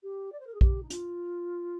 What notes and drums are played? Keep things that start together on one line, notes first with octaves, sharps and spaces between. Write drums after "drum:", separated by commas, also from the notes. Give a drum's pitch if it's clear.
G4
D5
C5
A#4
G#4
G4, drum: kick A#1
D#4
F4, drum: hi-hat